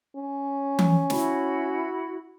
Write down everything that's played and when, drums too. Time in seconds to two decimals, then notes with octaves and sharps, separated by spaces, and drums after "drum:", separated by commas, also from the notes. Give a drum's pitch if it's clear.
0.17 C#4
0.79 drum: tom E3
1.10 E4 F#4 B5, drum: snare